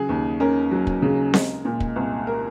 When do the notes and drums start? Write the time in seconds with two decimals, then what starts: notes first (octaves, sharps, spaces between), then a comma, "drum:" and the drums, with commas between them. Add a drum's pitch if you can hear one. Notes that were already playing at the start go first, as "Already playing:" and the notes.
Already playing: C#3 F#3 G#4
0.09 D#2
0.40 C#4 A#4
0.71 F#3
0.87 drum: kick
1.02 C#3
1.34 G#3, drum: snare C4
1.65 A#2
1.80 drum: kick
1.96 C2
2.27 A#4